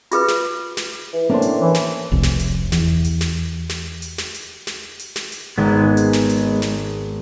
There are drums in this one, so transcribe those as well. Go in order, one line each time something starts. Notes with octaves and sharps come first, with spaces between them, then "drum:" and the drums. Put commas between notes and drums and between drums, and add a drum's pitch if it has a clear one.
F4 G#4 B4, drum: hi-hat
drum: snare
drum: snare
E3
A2 A#3 C#4 D4 C5
drum: hi-hat
E3
drum: snare
F1 C2
drum: snare
drum: hi-hat
E2, drum: snare
drum: hi-hat
drum: snare
drum: snare
drum: hi-hat
drum: snare
drum: hi-hat
drum: snare
drum: hi-hat
drum: snare
drum: hi-hat
G#1 G#3 B3
drum: hi-hat
drum: snare
drum: hi-hat
drum: snare